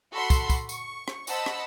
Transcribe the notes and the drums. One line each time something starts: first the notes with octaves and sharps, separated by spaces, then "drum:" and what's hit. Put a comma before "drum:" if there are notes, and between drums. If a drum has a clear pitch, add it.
F#4 A4 B5 C6
drum: kick, tambourine
drum: kick, tambourine
C#6, drum: tambourine
drum: rim click
C5 D#5 F#5 A5 B5 E6, drum: tambourine
drum: rim click